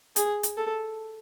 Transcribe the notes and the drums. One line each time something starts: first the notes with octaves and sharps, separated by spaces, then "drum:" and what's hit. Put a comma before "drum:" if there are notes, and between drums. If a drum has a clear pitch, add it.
G#4, drum: hi-hat
drum: hi-hat
A4